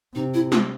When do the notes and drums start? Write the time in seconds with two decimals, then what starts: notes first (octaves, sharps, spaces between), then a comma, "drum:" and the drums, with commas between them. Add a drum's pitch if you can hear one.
0.15 C3 D#4
0.34 E4
0.52 F4, drum: snare